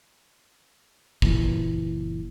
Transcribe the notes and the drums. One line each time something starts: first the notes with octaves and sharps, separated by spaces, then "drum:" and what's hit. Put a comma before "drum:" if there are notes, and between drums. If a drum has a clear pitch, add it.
F#1 A#2 E3, drum: kick